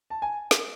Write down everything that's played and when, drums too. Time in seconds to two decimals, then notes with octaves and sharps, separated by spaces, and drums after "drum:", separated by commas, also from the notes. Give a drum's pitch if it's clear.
0.10 A5
0.22 G#5
0.51 drum: snare